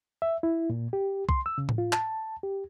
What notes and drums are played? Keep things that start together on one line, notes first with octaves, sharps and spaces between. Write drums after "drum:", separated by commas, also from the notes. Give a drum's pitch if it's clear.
E5
E4
A#2
G4
C6, drum: kick C2
E6
C#3
drum: tom A2
F4
A5, drum: clap
G4